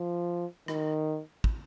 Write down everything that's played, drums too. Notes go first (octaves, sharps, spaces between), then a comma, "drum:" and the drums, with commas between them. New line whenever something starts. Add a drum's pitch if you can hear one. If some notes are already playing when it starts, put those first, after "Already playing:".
Already playing: F3
D#3, drum: rim click
drum: kick